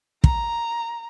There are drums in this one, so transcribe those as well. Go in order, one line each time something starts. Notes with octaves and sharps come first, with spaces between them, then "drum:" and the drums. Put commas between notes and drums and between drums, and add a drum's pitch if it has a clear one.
A#5, drum: kick